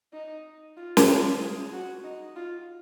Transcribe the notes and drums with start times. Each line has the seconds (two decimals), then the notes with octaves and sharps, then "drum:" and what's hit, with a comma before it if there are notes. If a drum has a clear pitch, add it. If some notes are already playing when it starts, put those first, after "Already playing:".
0.14 D#4
0.77 F4
0.97 drum: snare
1.09 F4
1.40 G#4
1.72 F#4
2.04 D#4
2.36 F4